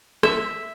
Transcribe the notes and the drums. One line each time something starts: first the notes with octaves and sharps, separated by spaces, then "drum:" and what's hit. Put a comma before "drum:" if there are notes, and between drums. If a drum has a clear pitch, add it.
E5, drum: rim click